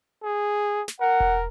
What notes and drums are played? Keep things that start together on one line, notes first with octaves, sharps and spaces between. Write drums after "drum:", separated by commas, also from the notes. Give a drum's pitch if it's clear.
G#4
drum: snare
A#4 F#5
drum: kick E1